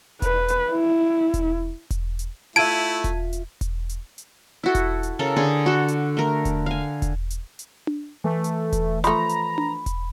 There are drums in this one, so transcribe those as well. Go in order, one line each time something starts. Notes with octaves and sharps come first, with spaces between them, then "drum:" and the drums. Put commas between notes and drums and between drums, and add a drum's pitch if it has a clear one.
B4, drum: kick E1, hi-hat
drum: hi-hat
E4
drum: kick E1, hi-hat
drum: kick E1, hi-hat
drum: hi-hat
A3 E4 F4 E5 A5 G#6 D7 D#7
drum: kick E1, hi-hat
drum: hi-hat
drum: kick E1, hi-hat
drum: hi-hat
drum: hi-hat
E4 F#4 A4
drum: kick E1, hi-hat
drum: hi-hat
C#3 A4 A#4
D3 G#4
F#4 A4
drum: hi-hat
A3 A#4
drum: kick E1, hi-hat
F5 G#5
drum: kick E1, hi-hat
drum: hi-hat
drum: hi-hat
drum: tom D4
E3 A3
drum: hi-hat
drum: kick E1, hi-hat
F3 A3 A#5 B5, drum: hi-hat
drum: hi-hat
drum: tom D4
drum: kick E1, hi-hat